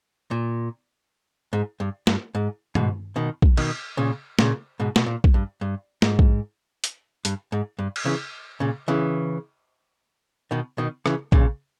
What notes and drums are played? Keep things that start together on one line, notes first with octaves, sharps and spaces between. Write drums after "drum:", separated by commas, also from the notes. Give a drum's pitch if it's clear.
A#2
G#2
G2
G2, drum: snare
G#2
G#2 B2, drum: tom G2
B2 D#3
drum: kick
B2 D#3, drum: cymbal
A#2 C#3
A#2 C#3, drum: snare
G#2 B2
B2, drum: snare
A#2
drum: kick
G2
G2
G#2, drum: snare
drum: kick
drum: hi-hat
G2, drum: hi-hat
G#2
G2
drum: cymbal
C#3 E3
A#2 C#3
C#3 E3
B2 D#3
B2 D#3
C#3 E3, drum: rim click
A#2 C#3, drum: kick